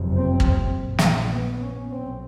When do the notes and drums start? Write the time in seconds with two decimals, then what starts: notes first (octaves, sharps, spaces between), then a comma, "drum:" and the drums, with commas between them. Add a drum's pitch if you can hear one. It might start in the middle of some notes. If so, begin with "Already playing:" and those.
Already playing: F#1 F2 C3
0.16 C4
0.40 drum: kick
0.74 A#1 A#2
0.99 drum: snare
1.32 B3
1.61 C#4
1.90 B1 B2 C4